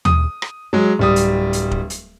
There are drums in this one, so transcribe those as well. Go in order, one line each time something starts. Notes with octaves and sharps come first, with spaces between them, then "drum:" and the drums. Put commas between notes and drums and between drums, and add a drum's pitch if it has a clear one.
D#6, drum: tom D#2
drum: rim click
F#3 G#3
D1 G3 D#6
drum: hi-hat
drum: hi-hat
drum: kick
drum: hi-hat